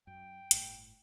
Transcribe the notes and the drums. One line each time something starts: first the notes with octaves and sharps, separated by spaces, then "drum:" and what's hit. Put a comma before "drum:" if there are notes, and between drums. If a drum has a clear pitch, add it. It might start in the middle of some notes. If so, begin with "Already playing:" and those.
F#2 G5
G1 A2, drum: hi-hat